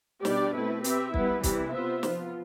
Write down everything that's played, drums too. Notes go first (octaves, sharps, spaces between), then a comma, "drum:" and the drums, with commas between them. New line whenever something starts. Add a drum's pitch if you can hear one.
B2 G3 D4 G4 D5, drum: snare
A3 C4 E4 B4
C4 G4 B4 E5, drum: hi-hat
G3 B3 E4 B4, drum: kick
C3 E3 G3 C4 E4, drum: kick, hi-hat
B3 F4 C5 E5
F3 B3 F4, drum: snare